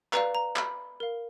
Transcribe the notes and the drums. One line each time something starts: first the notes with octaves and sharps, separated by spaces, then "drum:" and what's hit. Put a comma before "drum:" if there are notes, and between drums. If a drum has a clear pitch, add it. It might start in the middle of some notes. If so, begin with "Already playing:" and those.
B4 D5 F5 A#5, drum: clap
A#5
B5, drum: clap
A#4 F5